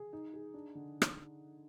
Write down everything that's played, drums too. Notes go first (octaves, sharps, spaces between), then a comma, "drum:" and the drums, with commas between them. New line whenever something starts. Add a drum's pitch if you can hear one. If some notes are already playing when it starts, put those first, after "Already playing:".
Already playing: G#4
D#4
G#4
D4
D3
drum: rim click